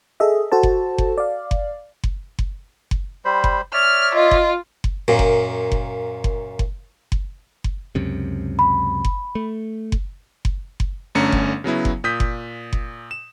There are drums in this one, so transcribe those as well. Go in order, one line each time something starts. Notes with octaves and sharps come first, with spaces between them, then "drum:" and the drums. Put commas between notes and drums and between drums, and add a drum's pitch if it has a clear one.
G#4 A4 D#5 E5
F#4 A4 C5 A5
drum: kick F#1
drum: kick F#1
D5 F5
drum: kick F#1
drum: kick F#1
drum: kick F#1
drum: kick F#1
G3 C5 B5
drum: kick F#1
C#5 D5 E5 F6
F4 D#5
drum: kick F#1
drum: kick F#1
F#2 A#2
drum: kick F#1
drum: kick F#1
drum: kick F#1
drum: kick F#1
drum: kick F#1
drum: kick F#1
C#2 F#2 C3
B5
drum: kick F#1
A3
drum: kick F#1
drum: kick F#1
drum: kick F#1
G1 D3 A3 C#4 A#5 C#7
drum: kick F#1
C#3 F#3 B3 E4
drum: kick F#1
A#2 D#6 G6 B6
drum: kick F#1
drum: kick F#1
E7